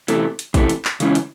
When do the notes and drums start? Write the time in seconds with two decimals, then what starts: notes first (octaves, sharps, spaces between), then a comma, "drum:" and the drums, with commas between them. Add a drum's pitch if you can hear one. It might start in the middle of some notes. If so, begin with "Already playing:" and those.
0.08 C3 E3 A3, drum: hi-hat
0.39 drum: hi-hat
0.54 C3 E3 A3, drum: kick, hi-hat
0.69 drum: hi-hat
0.85 drum: clap
1.00 C#3 E3 G#3 C#4, drum: hi-hat
1.15 drum: hi-hat